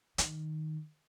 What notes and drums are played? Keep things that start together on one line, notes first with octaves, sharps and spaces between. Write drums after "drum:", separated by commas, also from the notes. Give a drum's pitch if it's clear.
D#3, drum: hi-hat